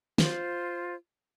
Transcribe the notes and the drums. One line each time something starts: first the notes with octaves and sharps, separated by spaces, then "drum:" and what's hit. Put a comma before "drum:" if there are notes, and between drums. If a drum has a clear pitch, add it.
F4 C5, drum: snare